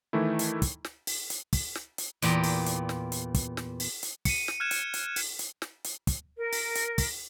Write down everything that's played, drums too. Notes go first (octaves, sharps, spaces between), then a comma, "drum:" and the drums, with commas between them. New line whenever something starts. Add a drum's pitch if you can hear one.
D#3 E3 A3 E4
drum: hi-hat
drum: kick, hi-hat
drum: snare
drum: open hi-hat
drum: hi-hat
drum: kick, open hi-hat
drum: snare
drum: hi-hat
E2 A#2 G4 A#5, drum: hi-hat
drum: open hi-hat
drum: hi-hat
drum: snare
drum: hi-hat
drum: kick, hi-hat
drum: snare
drum: open hi-hat
drum: hi-hat
C#7 D#7, drum: kick, open hi-hat
drum: snare
F6 F#6 G#6 E7
drum: hi-hat
drum: hi-hat
drum: open hi-hat
drum: hi-hat
drum: snare
drum: hi-hat
drum: kick, hi-hat
A#4
drum: open hi-hat
drum: hi-hat
drum: kick, open hi-hat